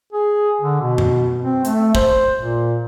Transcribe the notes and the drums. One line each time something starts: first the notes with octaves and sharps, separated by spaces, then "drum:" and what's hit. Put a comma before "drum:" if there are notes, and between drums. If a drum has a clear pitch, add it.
G#4
D3
B2
drum: tom F#2
C4
A3, drum: hi-hat
C5, drum: kick
A#2